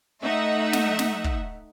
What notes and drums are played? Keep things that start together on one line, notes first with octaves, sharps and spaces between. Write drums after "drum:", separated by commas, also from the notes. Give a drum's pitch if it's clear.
A3 D#4 E5 F#5
drum: snare
drum: snare
drum: kick